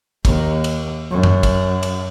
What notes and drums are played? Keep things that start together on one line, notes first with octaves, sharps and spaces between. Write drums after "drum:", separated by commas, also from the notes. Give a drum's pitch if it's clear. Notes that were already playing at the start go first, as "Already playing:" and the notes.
D#2, drum: kick, cymbal
drum: cymbal
F#2
drum: tom F#2
drum: kick, cymbal
drum: cymbal